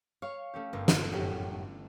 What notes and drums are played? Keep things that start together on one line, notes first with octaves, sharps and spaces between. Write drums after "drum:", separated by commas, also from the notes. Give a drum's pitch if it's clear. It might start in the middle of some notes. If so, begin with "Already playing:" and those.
C#5 F5 C#6
A3 C#4 G4
G1 A#3
drum: snare
F#2 A2 G4